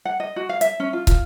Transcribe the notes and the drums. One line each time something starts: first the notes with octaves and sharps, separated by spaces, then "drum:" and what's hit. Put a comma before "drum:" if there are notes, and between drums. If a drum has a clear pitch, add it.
F#5
D#5
F#4
F5
E5, drum: hi-hat
C#4
F4
F4, drum: kick, hi-hat